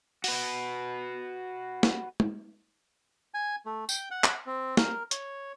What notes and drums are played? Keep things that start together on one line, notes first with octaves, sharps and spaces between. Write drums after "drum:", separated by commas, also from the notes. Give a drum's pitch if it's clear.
F#4 B4, drum: open hi-hat
drum: snare
drum: tom
G#5
A3
G5, drum: tambourine
F#5
drum: clap
C4
A#4, drum: snare
C#5, drum: hi-hat